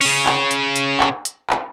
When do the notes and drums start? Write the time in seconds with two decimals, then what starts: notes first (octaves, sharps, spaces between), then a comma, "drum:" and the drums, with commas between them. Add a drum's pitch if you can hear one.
0.01 C#3 C#4, drum: open hi-hat
0.26 drum: clap
0.51 drum: hi-hat
0.76 drum: hi-hat
1.00 drum: clap
1.25 drum: hi-hat
1.50 drum: clap